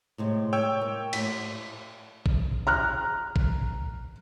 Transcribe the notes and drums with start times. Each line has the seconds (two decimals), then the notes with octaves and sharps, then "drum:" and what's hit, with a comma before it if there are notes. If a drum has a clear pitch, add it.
0.18 A2 C3 G#3
0.53 C#5 G5 E6
0.81 A#3
1.13 F2 A2 B6, drum: cymbal
2.26 drum: kick A#1
2.67 A#5 F6 F#6
3.36 drum: kick A#1